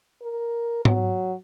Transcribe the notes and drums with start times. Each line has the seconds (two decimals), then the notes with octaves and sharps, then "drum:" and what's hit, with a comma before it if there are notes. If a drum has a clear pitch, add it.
0.22 A#4
0.85 F#3, drum: tom G#2